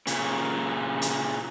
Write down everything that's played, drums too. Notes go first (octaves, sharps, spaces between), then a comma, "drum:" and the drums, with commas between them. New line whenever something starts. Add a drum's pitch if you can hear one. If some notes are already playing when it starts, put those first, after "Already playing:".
A#2 C#3, drum: hi-hat
drum: hi-hat